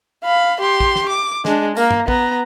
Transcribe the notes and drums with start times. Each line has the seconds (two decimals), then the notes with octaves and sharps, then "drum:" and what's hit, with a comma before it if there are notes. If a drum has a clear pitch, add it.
0.24 F5 B5
0.60 G4 C6
0.80 drum: kick
0.96 drum: snare
1.09 D6
1.45 G#3 D4, drum: snare
1.77 A#3 A#4, drum: tambourine
1.91 drum: tom G2
2.08 B3 A#5, drum: kick